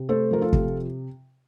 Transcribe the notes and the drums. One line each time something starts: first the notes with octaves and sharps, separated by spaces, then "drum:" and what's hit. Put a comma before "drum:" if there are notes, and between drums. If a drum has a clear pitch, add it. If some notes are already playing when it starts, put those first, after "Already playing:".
Already playing: C3
A3 A4 C5
F3 A#4
F4 A4
C3, drum: kick